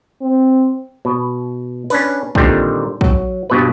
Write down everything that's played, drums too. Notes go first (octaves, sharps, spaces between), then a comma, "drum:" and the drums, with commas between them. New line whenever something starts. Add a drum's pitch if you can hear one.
C4
B2
C#4 D4 B4, drum: open hi-hat
A#2 D3 D#3 G3 C4, drum: kick
F#3, drum: kick
G2 B2 B4